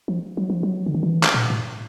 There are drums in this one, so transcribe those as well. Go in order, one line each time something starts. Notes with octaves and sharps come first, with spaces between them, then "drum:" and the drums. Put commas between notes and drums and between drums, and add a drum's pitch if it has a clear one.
F3
F#3
F3
F#3
D3
D#3
E3
drum: clap
A#2
A2